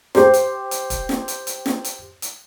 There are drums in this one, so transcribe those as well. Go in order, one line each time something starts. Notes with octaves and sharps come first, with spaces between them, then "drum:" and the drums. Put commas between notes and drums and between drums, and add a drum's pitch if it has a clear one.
G4 C5, drum: snare
drum: hi-hat
drum: hi-hat
drum: kick, hi-hat
drum: snare
drum: hi-hat
drum: hi-hat
drum: snare
drum: hi-hat
drum: hi-hat